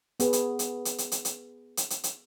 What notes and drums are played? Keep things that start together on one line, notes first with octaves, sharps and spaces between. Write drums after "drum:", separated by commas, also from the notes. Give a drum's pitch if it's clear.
B3 G#4 B4, drum: hi-hat
drum: hi-hat
drum: hi-hat
drum: hi-hat
drum: hi-hat
drum: hi-hat
drum: hi-hat
drum: hi-hat
drum: hi-hat
drum: hi-hat